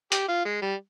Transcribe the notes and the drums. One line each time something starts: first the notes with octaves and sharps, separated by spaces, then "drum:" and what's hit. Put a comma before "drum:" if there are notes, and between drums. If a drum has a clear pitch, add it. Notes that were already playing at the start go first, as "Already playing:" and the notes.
G4, drum: hi-hat
F4
G#3
G3